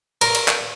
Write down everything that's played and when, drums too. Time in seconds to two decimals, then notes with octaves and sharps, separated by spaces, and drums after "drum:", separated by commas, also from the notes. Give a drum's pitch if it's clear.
0.21 A#4, drum: cymbal
0.35 drum: cymbal
0.48 drum: clap